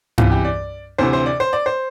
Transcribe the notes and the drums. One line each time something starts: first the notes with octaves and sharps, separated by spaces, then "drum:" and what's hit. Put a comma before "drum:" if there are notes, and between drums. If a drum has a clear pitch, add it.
E2 C3 E3 F4, drum: tom G2
G4
D5
D2 C3 E3 C5
C5
D5
C5
D5
C5